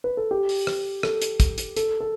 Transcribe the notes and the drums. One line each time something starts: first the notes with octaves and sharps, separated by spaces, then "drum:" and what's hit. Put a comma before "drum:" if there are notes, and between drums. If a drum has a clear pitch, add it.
B4
A4
G4
drum: open hi-hat
drum: rim click
A4, drum: rim click
drum: hi-hat
drum: kick, hi-hat
drum: hi-hat
A4, drum: hi-hat
A4